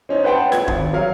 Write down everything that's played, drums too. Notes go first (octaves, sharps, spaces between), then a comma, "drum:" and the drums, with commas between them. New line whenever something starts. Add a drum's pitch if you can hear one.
C4 C#4 D#4
B4 C5 F#5 G5 A5
G#6, drum: snare F4
G#1, drum: kick D#1
F#3 A#4 F5